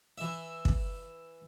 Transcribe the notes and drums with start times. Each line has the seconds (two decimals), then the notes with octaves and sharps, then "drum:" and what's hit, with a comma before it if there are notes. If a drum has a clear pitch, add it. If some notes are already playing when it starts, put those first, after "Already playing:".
0.18 E3 E5
0.65 drum: kick